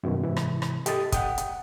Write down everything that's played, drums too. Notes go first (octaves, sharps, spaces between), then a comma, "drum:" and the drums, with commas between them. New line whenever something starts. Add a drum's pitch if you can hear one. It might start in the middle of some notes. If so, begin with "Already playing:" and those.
F#2 B2 D#3
G#2 C3 E3
drum: rim click
drum: rim click
G4 A4 D#5 D#6 A6, drum: hi-hat
F#5 G5 D#6, drum: kick, hi-hat
drum: hi-hat